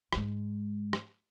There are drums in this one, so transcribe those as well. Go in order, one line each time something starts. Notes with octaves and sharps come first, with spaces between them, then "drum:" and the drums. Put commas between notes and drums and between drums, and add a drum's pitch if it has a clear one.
G#2 G#3, drum: rim click
drum: rim click